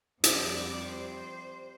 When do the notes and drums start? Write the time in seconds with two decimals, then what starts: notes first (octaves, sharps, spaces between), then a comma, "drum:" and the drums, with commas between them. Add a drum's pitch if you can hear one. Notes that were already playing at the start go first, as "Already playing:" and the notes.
0.24 F2 C3 G3 D5, drum: hi-hat
0.88 C5